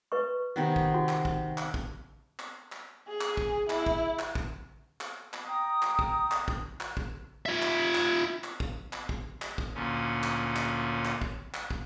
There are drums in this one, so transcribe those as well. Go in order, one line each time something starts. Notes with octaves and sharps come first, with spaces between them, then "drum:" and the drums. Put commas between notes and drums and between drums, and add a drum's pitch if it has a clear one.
B4 D#5 C#6
C3 D#3 B3
drum: kick
F#4
drum: clap
drum: kick
drum: clap
drum: kick
drum: clap
drum: clap
G#4
drum: clap
drum: kick
E4, drum: clap
drum: kick
drum: clap
drum: kick
drum: clap
drum: clap
G5 A#5 D#6
drum: clap
drum: kick
drum: clap
drum: kick
drum: clap
drum: kick
F4 E5
drum: clap
drum: clap
drum: clap
drum: kick
drum: clap
drum: kick
drum: clap
drum: kick
D2 A#2 C#4
drum: clap
drum: clap
drum: clap
drum: kick
drum: clap
drum: kick